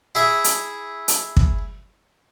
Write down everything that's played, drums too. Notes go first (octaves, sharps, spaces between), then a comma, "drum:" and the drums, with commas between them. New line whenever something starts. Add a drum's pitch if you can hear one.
E4 G#4 E5
drum: hi-hat
drum: hi-hat
drum: kick